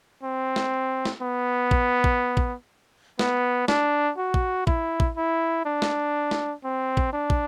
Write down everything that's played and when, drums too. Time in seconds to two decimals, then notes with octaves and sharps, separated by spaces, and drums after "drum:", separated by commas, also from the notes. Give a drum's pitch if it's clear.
0.23 C4
0.56 drum: snare
1.05 drum: snare
1.22 B3
1.71 drum: kick
2.04 drum: kick
2.37 drum: kick
3.19 B3, drum: snare
3.68 D4, drum: snare
4.18 F#4
4.34 drum: kick
4.67 E4, drum: kick
5.00 drum: kick
5.17 E4
5.66 D4
5.82 drum: snare
6.31 drum: snare
6.64 C4
6.97 drum: kick
7.13 D4
7.30 drum: kick